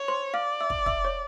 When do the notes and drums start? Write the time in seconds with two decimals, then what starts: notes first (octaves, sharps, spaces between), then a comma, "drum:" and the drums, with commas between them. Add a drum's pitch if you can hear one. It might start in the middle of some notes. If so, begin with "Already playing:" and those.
Already playing: C#5
0.08 C5 C6
0.34 D5 F5 F6
0.61 E5 E6
0.70 drum: kick
0.86 E5 E6, drum: kick
1.05 C#5 C#6